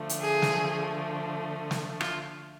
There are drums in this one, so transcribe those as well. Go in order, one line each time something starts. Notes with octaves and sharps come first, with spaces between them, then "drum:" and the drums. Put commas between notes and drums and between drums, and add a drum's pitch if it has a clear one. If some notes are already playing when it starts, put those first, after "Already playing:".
Already playing: D3 F3 A3
drum: hi-hat
G#4
drum: snare
drum: snare
F4, drum: rim click